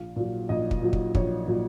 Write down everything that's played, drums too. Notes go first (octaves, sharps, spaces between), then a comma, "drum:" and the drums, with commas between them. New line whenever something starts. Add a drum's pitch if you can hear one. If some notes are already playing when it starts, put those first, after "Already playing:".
Already playing: A#1 F5
A#2 F#3
A#1 D#5
drum: kick
A#2 F#3
drum: kick
A#1 C#5, drum: kick
A#2 F#3